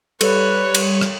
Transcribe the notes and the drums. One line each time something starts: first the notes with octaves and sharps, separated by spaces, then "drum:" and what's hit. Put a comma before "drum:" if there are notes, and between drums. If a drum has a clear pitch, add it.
G3 A4 B4 C#5, drum: cymbal
drum: cymbal
drum: rim click